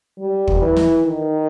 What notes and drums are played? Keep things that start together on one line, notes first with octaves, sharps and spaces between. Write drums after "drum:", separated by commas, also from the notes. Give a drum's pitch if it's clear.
G3
drum: kick
E3
drum: snare
D#3